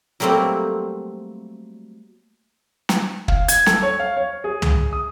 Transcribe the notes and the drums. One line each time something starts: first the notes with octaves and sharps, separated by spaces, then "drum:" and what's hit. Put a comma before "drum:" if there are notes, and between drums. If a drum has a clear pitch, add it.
F#3 G3 A3 A#3 C4
drum: snare
F5, drum: kick
G#6, drum: hi-hat
A4, drum: snare
C#5
F5
C#5
G#4
drum: tom
D#6